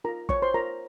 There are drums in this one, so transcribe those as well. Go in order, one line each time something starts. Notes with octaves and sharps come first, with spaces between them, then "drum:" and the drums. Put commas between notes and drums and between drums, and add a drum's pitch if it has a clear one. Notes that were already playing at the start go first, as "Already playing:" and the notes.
F4 A#4 A#5
C5 C#5 C#6, drum: kick
C5 C6
F4 A#4 A#5